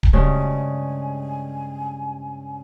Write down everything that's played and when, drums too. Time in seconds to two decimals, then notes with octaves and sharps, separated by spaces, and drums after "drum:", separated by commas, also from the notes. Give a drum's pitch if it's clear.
0.03 drum: kick D1
0.13 G2 C#3 G#3 G#5